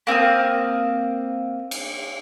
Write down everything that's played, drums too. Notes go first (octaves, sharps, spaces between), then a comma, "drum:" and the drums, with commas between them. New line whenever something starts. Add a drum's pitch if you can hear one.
A#3 C4 F5 D#6
drum: cymbal